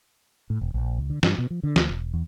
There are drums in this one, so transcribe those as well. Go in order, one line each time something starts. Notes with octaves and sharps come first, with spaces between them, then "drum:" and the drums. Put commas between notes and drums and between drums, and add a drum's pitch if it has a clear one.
A2
E1
A#1
C#2
D3
G2, drum: snare
B2
F3
D3
D2, drum: snare
E1
E2